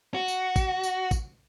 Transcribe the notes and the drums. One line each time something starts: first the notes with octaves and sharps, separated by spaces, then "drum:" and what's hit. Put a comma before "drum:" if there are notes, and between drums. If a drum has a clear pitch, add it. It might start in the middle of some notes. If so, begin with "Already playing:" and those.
F#4
drum: tambourine
drum: kick, tambourine
drum: tambourine
drum: kick, tambourine